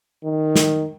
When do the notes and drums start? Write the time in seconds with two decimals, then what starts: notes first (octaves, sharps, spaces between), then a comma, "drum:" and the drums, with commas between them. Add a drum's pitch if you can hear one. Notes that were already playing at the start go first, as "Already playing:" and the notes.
0.24 D#3
0.56 drum: snare